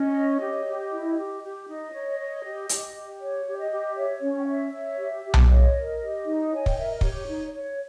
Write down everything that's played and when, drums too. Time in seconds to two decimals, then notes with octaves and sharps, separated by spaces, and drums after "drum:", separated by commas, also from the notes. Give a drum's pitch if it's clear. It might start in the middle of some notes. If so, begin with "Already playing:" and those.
Already playing: C#4 D#5
0.14 C#5
0.40 G4
0.66 G4
0.91 E4
1.17 G4
1.42 G4
1.67 D#4 D#5
1.93 C#5
2.19 C#5
2.44 G4
2.69 G4, drum: hi-hat
2.95 G4
3.20 C#5
3.45 G4
3.59 D#5
3.70 G4
3.96 C#5 E5
4.21 C#4
4.39 G5
4.47 C#5 E5
4.72 C#5
4.97 G4
5.24 G4
5.34 drum: tom B1
5.48 C#5 D#5
5.74 A#4
6.00 G4
6.25 D#4
6.51 C#5 G#5
6.66 G5, drum: kick
6.75 A#4 E5
6.90 D#5
7.01 G4 C#5, drum: kick
7.27 D#4
7.52 C#5